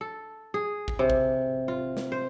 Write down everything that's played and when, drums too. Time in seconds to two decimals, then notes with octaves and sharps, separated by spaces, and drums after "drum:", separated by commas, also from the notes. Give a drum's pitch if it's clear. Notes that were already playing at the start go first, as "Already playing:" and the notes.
0.01 A4
0.54 G#4
0.88 drum: kick
0.99 C3
1.10 drum: kick
1.68 F4
1.97 drum: snare
2.12 C5